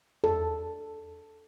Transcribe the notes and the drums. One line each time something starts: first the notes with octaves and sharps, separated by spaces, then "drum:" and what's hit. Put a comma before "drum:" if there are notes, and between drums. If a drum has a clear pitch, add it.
A4, drum: tom E2